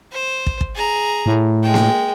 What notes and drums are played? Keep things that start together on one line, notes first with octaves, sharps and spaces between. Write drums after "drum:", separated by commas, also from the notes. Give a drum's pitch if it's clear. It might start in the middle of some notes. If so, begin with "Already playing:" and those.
C5
drum: kick
drum: kick
G#4 A#5
A2
G#3 G5
drum: snare A#3